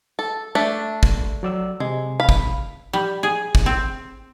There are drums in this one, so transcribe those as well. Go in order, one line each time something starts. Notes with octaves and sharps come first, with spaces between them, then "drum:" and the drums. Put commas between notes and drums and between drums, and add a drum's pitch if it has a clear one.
A4
A3 D4 E5
drum: kick
F#3 D5 E6
C3 G#3
F5 B5
drum: kick
G3
G#4
drum: kick
C4